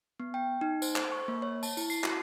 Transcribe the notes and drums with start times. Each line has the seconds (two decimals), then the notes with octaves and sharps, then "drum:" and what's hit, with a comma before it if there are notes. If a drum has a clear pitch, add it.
0.20 B3
0.34 G5
0.61 D#4
0.82 C5, drum: tambourine
0.96 C5, drum: clap
1.12 C#6
1.28 A#3
1.42 C#5
1.63 A5, drum: tambourine
1.77 E4, drum: tambourine
1.90 C7, drum: tambourine
2.04 F#4, drum: clap